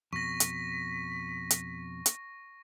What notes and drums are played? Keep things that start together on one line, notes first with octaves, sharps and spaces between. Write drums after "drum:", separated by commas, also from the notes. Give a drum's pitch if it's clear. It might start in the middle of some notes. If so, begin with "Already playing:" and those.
F2 B2 C#6 A#6 B6
drum: hi-hat
drum: hi-hat
drum: hi-hat